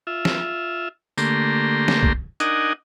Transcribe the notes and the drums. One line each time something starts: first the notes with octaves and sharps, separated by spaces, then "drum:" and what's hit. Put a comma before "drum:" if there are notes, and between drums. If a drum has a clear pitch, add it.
F4 E5
drum: snare
D3 A3 A#3 G4 A#5 C6, drum: tambourine
drum: snare
drum: kick
D4 D#4 A#4 D#5 F#5 G#5, drum: hi-hat